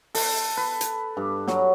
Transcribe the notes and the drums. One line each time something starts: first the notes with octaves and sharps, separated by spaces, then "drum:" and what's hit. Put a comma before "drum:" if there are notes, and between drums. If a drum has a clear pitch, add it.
A4, drum: open hi-hat
B4
drum: hi-hat
G2
F#3, drum: snare